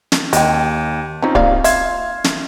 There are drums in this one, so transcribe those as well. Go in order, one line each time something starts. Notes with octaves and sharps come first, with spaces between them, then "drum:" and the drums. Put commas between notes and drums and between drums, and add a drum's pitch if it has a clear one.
drum: snare
D#2 D#5 G5, drum: hi-hat
C4 C#4 D#4 F4 A#5
A#3 D5 F5, drum: kick D1
E5 F5 C6 G#6, drum: hi-hat
drum: snare